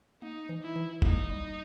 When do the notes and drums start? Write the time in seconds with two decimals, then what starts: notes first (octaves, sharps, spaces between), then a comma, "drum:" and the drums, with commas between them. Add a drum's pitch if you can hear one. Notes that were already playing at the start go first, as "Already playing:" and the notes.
0.22 A#3 D#4
0.49 E3
0.62 E4
0.76 E3
1.02 A#3 D#4, drum: kick
1.30 G3